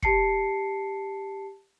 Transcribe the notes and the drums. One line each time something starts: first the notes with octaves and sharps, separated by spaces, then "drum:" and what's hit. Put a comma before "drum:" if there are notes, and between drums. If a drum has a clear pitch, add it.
G4 A5 C7 C#7, drum: kick